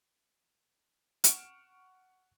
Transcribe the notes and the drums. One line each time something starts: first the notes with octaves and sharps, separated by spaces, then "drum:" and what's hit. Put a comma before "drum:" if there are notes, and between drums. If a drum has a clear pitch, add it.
F#5 C#6 F6 C#7 D7 E7, drum: hi-hat